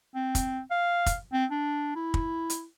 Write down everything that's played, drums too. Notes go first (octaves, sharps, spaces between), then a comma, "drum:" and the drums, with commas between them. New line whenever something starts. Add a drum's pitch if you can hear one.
C4
drum: kick, hi-hat
F5
drum: kick, hi-hat
C4
D4
E4
drum: kick
drum: hi-hat